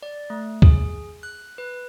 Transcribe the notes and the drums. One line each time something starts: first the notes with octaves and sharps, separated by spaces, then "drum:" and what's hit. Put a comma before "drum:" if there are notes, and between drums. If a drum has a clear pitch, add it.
D5
A3
G#4, drum: kick
F#6
B4